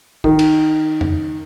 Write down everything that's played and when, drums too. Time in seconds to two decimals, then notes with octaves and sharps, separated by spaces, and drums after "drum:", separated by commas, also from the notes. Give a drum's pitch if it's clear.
0.24 D#3, drum: kick
0.39 drum: cymbal
1.01 drum: tom F2